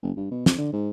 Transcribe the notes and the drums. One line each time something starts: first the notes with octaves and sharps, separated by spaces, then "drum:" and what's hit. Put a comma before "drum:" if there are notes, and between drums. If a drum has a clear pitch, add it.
F#1
G2
B2
F2, drum: snare
D3
G#2